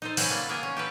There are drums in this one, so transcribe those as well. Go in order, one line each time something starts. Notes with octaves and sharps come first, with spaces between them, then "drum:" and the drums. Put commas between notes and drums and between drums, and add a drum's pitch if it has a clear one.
D#4 A4 C5
C#3 F#3 G3 C4 G#4 B4, drum: open hi-hat
A#3 F4 A4 B4
A#3 B3 G#4 A#4
C#4
G4 A4 B4